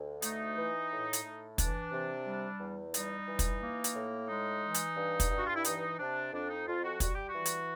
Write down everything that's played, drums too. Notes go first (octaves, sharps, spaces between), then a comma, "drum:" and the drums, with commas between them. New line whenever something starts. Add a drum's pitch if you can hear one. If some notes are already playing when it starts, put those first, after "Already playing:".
Already playing: D2
A3 D#4, drum: hi-hat
E3
A2
drum: hi-hat
A2
E3 D4, drum: kick, hi-hat
C3
G3
E2
G3 D#4, drum: hi-hat
E3
drum: kick, hi-hat
A#3
drum: hi-hat
A2
G#3 D#4
E3
drum: hi-hat
G2
drum: kick, hi-hat
G2
F#4
F4
E4
E3 D#4, drum: hi-hat
C3 D4
F2 D4
D#4
F2 F4
F#4
G3 F#4, drum: kick, hi-hat
G4
F#4
E3
drum: hi-hat